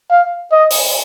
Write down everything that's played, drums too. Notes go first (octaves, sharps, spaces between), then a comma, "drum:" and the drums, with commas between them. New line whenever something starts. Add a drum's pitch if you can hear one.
F5
D#5
drum: open hi-hat